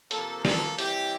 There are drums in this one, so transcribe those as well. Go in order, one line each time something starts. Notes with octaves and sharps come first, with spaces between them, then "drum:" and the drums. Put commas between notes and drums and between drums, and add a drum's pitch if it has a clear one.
C3 F3 A#3 A4, drum: hi-hat
A4, drum: snare
E3 G3 C4 G4, drum: hi-hat